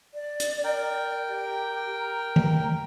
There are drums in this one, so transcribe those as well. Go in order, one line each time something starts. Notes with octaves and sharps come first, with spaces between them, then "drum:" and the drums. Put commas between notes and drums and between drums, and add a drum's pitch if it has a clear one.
D5
drum: hi-hat
A#4 G5
G4
A#5
drum: tom D#3